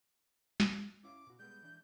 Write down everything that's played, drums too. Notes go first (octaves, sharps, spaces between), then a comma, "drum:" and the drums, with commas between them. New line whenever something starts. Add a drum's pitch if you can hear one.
drum: snare
C#4 E4 F5 D6
B2 F#4
G3 G#3 B3 G6
E3 D4